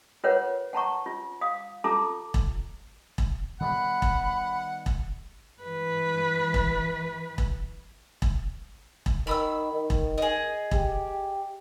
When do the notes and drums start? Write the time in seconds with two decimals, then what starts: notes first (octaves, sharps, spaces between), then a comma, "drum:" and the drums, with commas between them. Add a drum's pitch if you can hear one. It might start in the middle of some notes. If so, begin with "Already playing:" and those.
0.24 F4 A#4 B4 C#5 F#5
0.73 F#5 A5 A#5 C#6
1.06 F4
1.41 F5 D#6
1.84 F4 A4 A5 A#5 D6
2.34 drum: kick E1
3.18 drum: kick E1
3.60 D#3 G3 B3 F#5 B5
4.02 drum: kick E1
4.86 drum: kick E1
5.62 E3 B4
6.54 drum: kick E1
7.38 drum: kick E1
8.22 drum: kick E1
9.06 drum: kick E1
9.27 D#3 B5 D#6 E6
9.72 D#3
9.90 drum: kick E1
10.18 G#4 D#5
10.71 G4, drum: kick E1